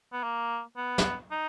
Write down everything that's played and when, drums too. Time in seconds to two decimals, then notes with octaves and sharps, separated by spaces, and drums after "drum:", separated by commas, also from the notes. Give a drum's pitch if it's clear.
0.13 B3
0.23 A#3
0.77 B3
0.98 drum: snare
1.31 D#4